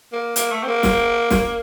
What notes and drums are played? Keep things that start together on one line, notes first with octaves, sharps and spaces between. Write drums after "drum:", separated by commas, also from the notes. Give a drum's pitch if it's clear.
A#3
A#3, drum: hi-hat
A3
C4
A#3
drum: snare
drum: snare